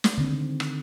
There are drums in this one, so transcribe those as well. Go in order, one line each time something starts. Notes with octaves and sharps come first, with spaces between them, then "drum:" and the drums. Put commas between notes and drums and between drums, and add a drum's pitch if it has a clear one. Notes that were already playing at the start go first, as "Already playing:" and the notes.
drum: snare
D3 D#3 C4
drum: rim click